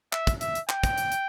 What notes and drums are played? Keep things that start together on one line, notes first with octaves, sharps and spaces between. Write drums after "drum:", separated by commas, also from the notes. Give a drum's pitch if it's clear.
E5, drum: clap
drum: kick, hi-hat
E5, drum: hi-hat
drum: hi-hat
G5, drum: clap
drum: kick, hi-hat
drum: hi-hat
drum: hi-hat